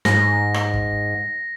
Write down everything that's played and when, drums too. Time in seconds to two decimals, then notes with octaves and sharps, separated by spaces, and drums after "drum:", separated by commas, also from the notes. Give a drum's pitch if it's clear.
0.05 G#2 A#6, drum: snare
0.54 drum: rim click
0.74 drum: kick